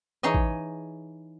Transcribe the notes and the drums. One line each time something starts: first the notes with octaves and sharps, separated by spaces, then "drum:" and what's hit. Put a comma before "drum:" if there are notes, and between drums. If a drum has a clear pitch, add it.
E3 D#4 G#4 C#5 D#5
drum: kick A1